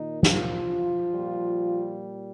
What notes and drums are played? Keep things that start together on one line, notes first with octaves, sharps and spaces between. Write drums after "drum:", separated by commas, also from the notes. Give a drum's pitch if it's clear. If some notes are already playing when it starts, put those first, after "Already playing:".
Already playing: A#2 D#3 D#4
F3 F4, drum: snare
A#2 G3